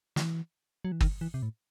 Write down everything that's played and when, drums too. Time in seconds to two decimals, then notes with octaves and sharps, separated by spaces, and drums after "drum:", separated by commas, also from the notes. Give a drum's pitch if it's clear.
0.16 E3, drum: snare
0.85 F#3
0.92 E3
1.01 D#3, drum: kick G1
1.21 E3
1.34 C3
1.43 A2